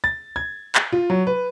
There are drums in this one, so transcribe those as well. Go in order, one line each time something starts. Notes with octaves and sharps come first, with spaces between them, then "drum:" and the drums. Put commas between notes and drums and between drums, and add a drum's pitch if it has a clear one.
A6
G#6
drum: clap
F4
F#3
B4